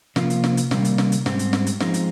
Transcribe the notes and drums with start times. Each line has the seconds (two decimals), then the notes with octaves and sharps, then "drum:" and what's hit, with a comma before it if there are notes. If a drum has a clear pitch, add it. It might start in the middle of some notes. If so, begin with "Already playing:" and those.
0.16 C3 F3 A#3 F4, drum: snare
0.30 drum: hi-hat
0.44 drum: snare
0.57 drum: hi-hat
0.71 C3 D#3 G3 A#3, drum: snare
0.85 drum: hi-hat
0.98 drum: snare
1.12 drum: hi-hat
1.26 G#2 G3 C4 G4, drum: snare
1.39 drum: hi-hat
1.53 drum: snare
1.67 drum: hi-hat
1.80 F3 G#3 C4 D#4, drum: snare
1.94 drum: hi-hat